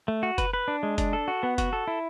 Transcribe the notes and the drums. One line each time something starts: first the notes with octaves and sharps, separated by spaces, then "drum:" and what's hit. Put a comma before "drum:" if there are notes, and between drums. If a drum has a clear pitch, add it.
A3
F#4
B4, drum: kick F#1, hi-hat
B4
D4
G#3
D4, drum: kick F#1, hi-hat
A4
F#4
B3
F#4, drum: kick F#1, hi-hat
A4
E4